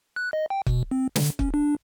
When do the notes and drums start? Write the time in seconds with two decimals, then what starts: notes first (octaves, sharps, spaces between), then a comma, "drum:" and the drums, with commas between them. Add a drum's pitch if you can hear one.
0.16 F#6
0.33 D#5
0.50 G5
0.67 B2, drum: kick
0.91 C4
1.16 D3, drum: snare
1.39 C#4, drum: kick
1.54 D4